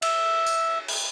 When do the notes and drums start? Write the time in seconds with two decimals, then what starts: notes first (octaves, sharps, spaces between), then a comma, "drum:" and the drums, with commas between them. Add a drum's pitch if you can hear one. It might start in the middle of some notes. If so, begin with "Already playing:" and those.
0.02 E5, drum: cymbal
0.47 drum: tambourine
0.88 drum: cymbal